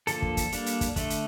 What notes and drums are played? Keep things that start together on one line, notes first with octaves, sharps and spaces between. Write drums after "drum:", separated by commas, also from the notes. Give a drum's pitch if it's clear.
D3 F3 A#3 A4, drum: hi-hat
drum: kick
drum: kick, hi-hat
G3 A#3 D4, drum: hi-hat
drum: hi-hat
drum: kick, hi-hat
D3 A3 D4, drum: kick, hi-hat
drum: hi-hat